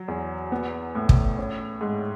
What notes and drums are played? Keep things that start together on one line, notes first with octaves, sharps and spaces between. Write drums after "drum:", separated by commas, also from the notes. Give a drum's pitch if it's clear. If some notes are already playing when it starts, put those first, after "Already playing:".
Already playing: F#3
E2
B3
A2
drum: kick
C#4
G#2